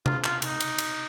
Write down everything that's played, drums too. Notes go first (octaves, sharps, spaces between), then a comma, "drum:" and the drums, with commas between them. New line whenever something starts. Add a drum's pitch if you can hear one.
F4, drum: tom C3
F4, drum: clap
D#4, drum: cymbal
drum: cymbal
drum: cymbal